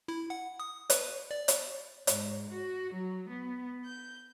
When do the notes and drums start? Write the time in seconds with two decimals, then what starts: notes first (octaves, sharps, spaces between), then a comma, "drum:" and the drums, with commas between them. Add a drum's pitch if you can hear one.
0.08 E4
0.30 F#5
0.60 D#6
0.90 B4, drum: hi-hat
1.31 D5
1.48 drum: hi-hat
2.07 G#2, drum: hi-hat
2.50 F#4
2.93 F#3
3.28 B3
3.84 G6